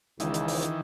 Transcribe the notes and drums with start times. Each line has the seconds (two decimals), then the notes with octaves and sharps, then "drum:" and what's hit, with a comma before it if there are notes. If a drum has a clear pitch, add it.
0.20 C#2 D#3 E3, drum: hi-hat
0.34 drum: hi-hat
0.48 drum: open hi-hat
0.62 drum: hi-hat